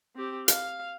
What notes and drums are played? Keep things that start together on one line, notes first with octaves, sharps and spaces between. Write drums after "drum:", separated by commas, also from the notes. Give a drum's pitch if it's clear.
C4 G4
F5, drum: hi-hat